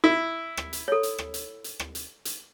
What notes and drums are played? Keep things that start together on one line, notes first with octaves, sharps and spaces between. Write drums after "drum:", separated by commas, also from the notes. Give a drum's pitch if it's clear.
E4
drum: rim click
drum: hi-hat
A4 C#5
drum: hi-hat
drum: rim click
drum: hi-hat
drum: hi-hat
drum: rim click
drum: hi-hat
drum: hi-hat